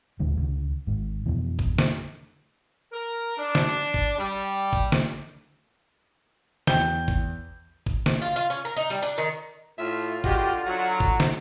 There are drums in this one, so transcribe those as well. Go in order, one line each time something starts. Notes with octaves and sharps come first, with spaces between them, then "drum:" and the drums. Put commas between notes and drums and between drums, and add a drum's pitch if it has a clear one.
D2 A#2 D3 G#3
C#2 D3
G#1 G#2
F2 B2 E3
drum: kick
drum: snare
A#4
D4
drum: snare
drum: kick
G3
drum: kick
drum: snare
E2 G5 G6 G7, drum: snare
drum: kick
drum: kick
drum: snare
F4
F4
C#4
A#4
D#4
G3
D4
D#3
A2 F4 E5
G2 D3 G#3 F#4 G4, drum: kick
F#3 F#4
drum: kick
drum: snare